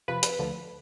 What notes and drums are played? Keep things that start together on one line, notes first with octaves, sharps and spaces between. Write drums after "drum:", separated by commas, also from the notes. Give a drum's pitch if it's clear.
F2 C3 F3 B4
B4, drum: hi-hat
D2 D3 F3